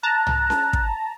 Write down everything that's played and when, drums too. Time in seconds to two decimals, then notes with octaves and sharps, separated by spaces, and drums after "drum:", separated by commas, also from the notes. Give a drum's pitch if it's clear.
0.03 A5 A#5 F#6
0.27 drum: tom
0.50 drum: snare C#4
0.73 drum: kick